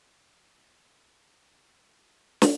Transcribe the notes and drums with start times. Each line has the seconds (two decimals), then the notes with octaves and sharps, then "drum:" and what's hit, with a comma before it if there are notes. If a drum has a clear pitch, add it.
0.07 G#2 D#3 A#3 G#5
0.24 F#5
0.75 D#2 C#3 F#3 C#4
1.07 F5
1.25 D#5
1.41 C#2 B2 A#3 A#4
2.08 F#2 C#3 G#3
2.42 drum: snare